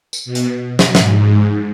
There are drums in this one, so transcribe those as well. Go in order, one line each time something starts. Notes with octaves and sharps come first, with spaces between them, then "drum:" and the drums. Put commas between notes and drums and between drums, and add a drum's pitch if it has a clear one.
drum: tambourine
B2
drum: hi-hat
drum: snare
G#2, drum: snare